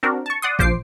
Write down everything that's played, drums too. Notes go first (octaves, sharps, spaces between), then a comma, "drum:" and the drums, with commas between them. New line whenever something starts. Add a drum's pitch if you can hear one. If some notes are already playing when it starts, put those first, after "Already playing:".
C4 D4 F#4 A#4
A5 C#6
D5 F#5 C6 D#6
A#1 F3 C5 D6 C7, drum: kick A1